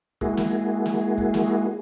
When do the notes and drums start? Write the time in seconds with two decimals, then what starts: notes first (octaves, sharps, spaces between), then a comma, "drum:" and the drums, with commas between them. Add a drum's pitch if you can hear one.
0.21 G#3 A#3 E4 F#4 G#4, drum: kick F1
0.37 drum: snare
0.86 drum: snare
1.18 drum: kick F1
1.34 drum: snare